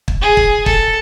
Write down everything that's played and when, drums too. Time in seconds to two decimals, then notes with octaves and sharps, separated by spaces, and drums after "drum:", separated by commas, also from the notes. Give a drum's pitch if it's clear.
0.08 drum: kick
0.22 G#4
0.37 drum: kick
0.66 A4, drum: kick